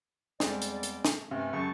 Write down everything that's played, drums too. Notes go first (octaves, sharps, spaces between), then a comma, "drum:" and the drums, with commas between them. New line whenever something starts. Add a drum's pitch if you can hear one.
E2 G3 G#3 C4 D5, drum: snare
drum: hi-hat
drum: hi-hat
drum: snare
G2 C3 A3 C#4
F#2 C#3 A5 C#6